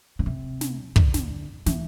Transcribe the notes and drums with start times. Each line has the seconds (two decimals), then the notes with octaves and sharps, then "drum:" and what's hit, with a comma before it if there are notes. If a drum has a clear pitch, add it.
0.19 D3
0.26 C3
0.61 drum: snare
0.96 D3, drum: kick
1.14 drum: snare
1.66 E3, drum: snare